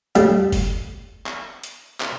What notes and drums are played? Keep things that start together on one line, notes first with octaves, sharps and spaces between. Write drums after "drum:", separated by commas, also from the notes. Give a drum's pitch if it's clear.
C#3 G3 A3, drum: hi-hat
drum: kick F1, open hi-hat
drum: clap
drum: hi-hat
drum: clap